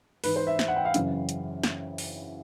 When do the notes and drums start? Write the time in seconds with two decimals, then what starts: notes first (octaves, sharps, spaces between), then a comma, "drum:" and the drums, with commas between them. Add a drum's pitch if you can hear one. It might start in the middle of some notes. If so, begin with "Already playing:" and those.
0.24 G#2 E3 B4, drum: open hi-hat
0.36 C5
0.47 E5
0.59 drum: snare
0.68 F#5
0.76 G5
0.85 F5
0.94 F#2 C#3 E3, drum: hi-hat
1.29 drum: hi-hat
1.64 drum: snare
1.98 drum: open hi-hat